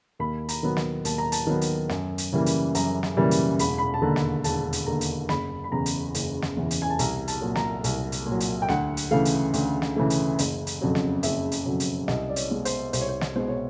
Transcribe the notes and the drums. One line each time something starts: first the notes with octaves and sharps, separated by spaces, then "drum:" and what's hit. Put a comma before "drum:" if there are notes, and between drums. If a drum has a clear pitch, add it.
D#2 B5
A#5, drum: hi-hat
D#3 F#3 B3
drum: snare
D#2 A5, drum: hi-hat
A#5
A5, drum: hi-hat
D#3 F#3 B3
drum: hi-hat
F#2, drum: snare
drum: hi-hat
C#3 E3 G3 A#3
drum: hi-hat
F#2 A#5, drum: hi-hat
drum: snare
C#3 E3 G3 A#3
drum: hi-hat
E1 B5, drum: hi-hat
B5
A5
D#2 D3 A#5
drum: snare
E1 A5, drum: hi-hat
drum: hi-hat
D#2 D3 A#5
drum: hi-hat
F#1 B5, drum: snare
B5
E2 C#3 E3 A#5
drum: hi-hat
F#1, drum: hi-hat
drum: snare
E2 C#3 E3
drum: hi-hat
G#5
A5
C2 A#5, drum: hi-hat
A5, drum: hi-hat
A#2 F#3
A#5, drum: snare
C2, drum: hi-hat
drum: hi-hat
A#2 F#3
drum: hi-hat
G5
D2 F#5, drum: snare
drum: hi-hat
C#3 E3 A3 F5
drum: hi-hat
D2, drum: hi-hat
drum: snare
C#3 E3 A3
drum: hi-hat
F#1, drum: hi-hat
drum: hi-hat
F2 C#3 F#3
drum: snare
F#1 E5, drum: hi-hat
drum: hi-hat
F2 C#3 F#3
drum: hi-hat
C2 D#5, drum: snare
D5
C#5, drum: hi-hat
B2 G#3
C5, drum: hi-hat
C2 C5, drum: hi-hat
C#5
C5
drum: snare
B2 G#3 C5
C#5